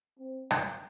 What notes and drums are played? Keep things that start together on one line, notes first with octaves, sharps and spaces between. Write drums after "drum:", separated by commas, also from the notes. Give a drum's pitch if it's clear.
C4
drum: rim click